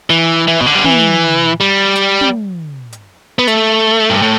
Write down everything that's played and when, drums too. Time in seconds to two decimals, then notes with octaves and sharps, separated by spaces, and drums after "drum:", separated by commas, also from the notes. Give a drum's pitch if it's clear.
0.10 E3
0.48 E3
0.61 B2, drum: snare
0.66 D3
0.75 G3
0.84 E3, drum: tom
1.60 G3
1.95 drum: hi-hat
2.21 drum: tom
2.92 drum: hi-hat
3.39 B3
3.47 A3, drum: hi-hat
4.10 G2
4.22 A2